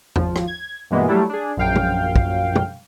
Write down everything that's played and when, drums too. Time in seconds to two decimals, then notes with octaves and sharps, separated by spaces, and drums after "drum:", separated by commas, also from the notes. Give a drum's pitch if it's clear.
0.16 G#1 F3, drum: tom E2
0.36 drum: rim click
0.47 G#6
0.90 G2 B2 E3 G#3 A#3 B3
1.08 F#3 G3 A3 D4 E4 G4
1.30 D4 G#4
1.57 A#1 F#2 F5 G5
1.76 drum: tom
2.16 drum: kick
2.56 drum: tom